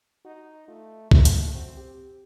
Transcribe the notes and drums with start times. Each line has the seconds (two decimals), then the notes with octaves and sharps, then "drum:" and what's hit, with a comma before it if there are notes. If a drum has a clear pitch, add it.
0.25 D#4 F#4
0.68 A3 F4
1.11 A3 E4, drum: kick C2
1.25 drum: hi-hat
1.55 C4 F#4
1.77 G4